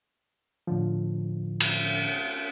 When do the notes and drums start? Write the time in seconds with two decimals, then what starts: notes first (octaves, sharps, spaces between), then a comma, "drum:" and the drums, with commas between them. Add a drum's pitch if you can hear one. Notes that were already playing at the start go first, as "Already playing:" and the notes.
0.67 A2 D3 F3
1.60 drum: cymbal